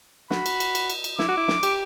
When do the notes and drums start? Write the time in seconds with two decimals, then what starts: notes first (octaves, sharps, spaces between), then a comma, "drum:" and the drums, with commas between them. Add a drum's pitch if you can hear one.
0.30 F#4 B5, drum: snare
0.46 drum: cymbal
0.60 drum: cymbal
0.75 drum: cymbal
0.90 drum: cymbal
1.04 drum: cymbal
1.19 E4 D6, drum: snare
1.29 F#4
1.37 E4
1.48 drum: snare
1.63 G4, drum: cymbal